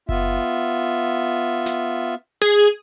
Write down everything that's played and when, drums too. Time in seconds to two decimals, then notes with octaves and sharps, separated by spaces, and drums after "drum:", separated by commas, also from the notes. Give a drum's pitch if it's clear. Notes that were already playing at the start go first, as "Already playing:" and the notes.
0.09 B3 F4 E5, drum: kick F#1
1.66 drum: snare
2.42 G#4